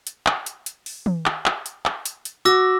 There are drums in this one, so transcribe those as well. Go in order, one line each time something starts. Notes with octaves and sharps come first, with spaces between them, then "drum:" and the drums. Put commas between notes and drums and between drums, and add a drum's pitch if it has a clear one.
drum: hi-hat
drum: clap
drum: hi-hat
drum: hi-hat
drum: open hi-hat
drum: tom
drum: clap
drum: clap
drum: hi-hat
drum: clap
drum: hi-hat
drum: hi-hat
F#4 D6 E6 A#6